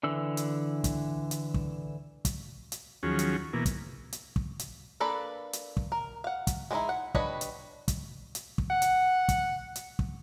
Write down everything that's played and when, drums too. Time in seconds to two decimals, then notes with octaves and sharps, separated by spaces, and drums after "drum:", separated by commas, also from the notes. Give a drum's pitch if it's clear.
0.03 D3 E3 E6
0.37 drum: hi-hat
0.84 drum: kick, hi-hat
1.31 drum: hi-hat
1.54 drum: kick
2.25 drum: kick, hi-hat
2.72 drum: hi-hat
3.03 D#2 F3 F#3 C#4 G#4
3.19 drum: hi-hat
3.53 B2 E3 A#3
3.66 drum: kick, hi-hat
4.13 drum: hi-hat
4.36 drum: kick
4.59 drum: hi-hat
5.00 A#3 D4 A4 B4 B5
5.53 drum: hi-hat
5.77 drum: kick
5.92 A#4
6.24 F5 F#5
6.47 drum: kick, hi-hat
6.71 G#3 B3 C4 D#4 E4
6.89 F#5
7.15 G3 D4 B4 C#5 D#5, drum: kick
7.41 drum: hi-hat
7.88 drum: kick, hi-hat
8.35 drum: hi-hat
8.58 drum: kick
8.70 F#5
8.82 drum: hi-hat
9.29 drum: kick, hi-hat
9.76 drum: hi-hat
9.99 drum: kick